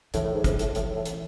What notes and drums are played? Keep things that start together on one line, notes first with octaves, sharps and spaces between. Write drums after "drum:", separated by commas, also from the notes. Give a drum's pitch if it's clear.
A2 E3, drum: hi-hat
A2
G#2
G#2 E3, drum: kick, hi-hat
A2, drum: hi-hat
A2 E3, drum: hi-hat
A2
drum: hi-hat